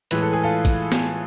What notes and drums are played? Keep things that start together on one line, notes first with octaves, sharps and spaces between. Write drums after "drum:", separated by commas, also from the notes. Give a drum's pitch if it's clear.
A2 E3 G#3 B4, drum: hi-hat
A4
G#4
F4 A4
drum: kick A1, hi-hat
drum: snare